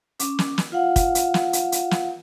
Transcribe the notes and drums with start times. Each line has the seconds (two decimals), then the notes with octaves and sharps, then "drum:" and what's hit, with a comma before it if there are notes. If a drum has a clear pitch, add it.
0.19 C#4 D6, drum: hi-hat
0.39 drum: snare
0.58 drum: snare
0.72 F4 F5 F#5
0.96 drum: kick, hi-hat
1.15 drum: hi-hat
1.34 drum: snare
1.53 drum: hi-hat
1.72 drum: hi-hat
1.91 drum: snare